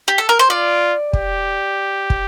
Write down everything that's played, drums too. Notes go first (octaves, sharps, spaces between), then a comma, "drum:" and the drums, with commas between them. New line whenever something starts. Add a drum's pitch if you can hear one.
G4
A4
A#4
C5
F4 D5
G4, drum: kick
drum: kick